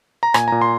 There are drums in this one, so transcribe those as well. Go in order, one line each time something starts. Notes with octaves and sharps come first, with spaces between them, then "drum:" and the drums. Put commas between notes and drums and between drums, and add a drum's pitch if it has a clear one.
A#5
A#2 G#5, drum: rim click
A#2 A#5
C6